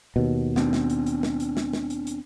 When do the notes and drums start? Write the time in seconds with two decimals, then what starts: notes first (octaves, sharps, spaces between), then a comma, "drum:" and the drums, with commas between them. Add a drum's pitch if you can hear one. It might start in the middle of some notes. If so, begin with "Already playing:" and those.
0.16 D#2 B2
0.56 B3 C4 D4, drum: snare
0.73 drum: snare
0.90 drum: hi-hat
1.06 drum: hi-hat
1.23 drum: snare
1.40 drum: hi-hat
1.57 drum: snare
1.73 drum: snare
1.90 drum: hi-hat
2.07 drum: hi-hat